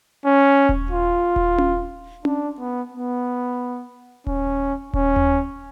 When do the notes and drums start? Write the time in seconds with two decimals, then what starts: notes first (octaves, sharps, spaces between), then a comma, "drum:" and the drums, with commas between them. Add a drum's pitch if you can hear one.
0.25 C#4
0.69 drum: kick D#1
0.91 F4
1.36 drum: kick D#1
1.58 drum: tom C#4
2.25 D4, drum: tom C#4
2.58 B3
2.92 B3
4.27 C#4, drum: kick D#1
4.94 C#4, drum: kick D#1
5.16 drum: tom D#2